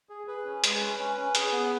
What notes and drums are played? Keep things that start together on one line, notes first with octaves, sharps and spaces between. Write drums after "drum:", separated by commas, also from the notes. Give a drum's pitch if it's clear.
G#4
G#4 B4
C#4
G#3, drum: hi-hat
C#4
C#4
C#4
G#4, drum: hi-hat
B3